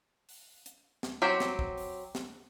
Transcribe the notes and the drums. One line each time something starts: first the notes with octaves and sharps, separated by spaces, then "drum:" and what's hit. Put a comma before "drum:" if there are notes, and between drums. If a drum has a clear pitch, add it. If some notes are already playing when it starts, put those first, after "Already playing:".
drum: open hi-hat
drum: hi-hat
drum: snare
F#3 C4 G4
drum: snare
drum: kick
drum: open hi-hat
drum: snare